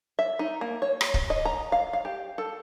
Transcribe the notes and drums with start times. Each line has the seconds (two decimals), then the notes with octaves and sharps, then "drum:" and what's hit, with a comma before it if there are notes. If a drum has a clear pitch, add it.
0.19 E5
0.39 D#4
0.61 A#3
0.82 C#5
1.01 drum: rim click
1.14 drum: kick C#1
1.30 D#5
1.45 A#5
1.72 F5
1.93 F5
2.05 G4
2.38 A4